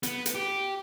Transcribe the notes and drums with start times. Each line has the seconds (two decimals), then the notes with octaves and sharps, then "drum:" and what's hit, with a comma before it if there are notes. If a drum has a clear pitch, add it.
0.03 B3, drum: hi-hat
0.26 drum: hi-hat
0.35 G4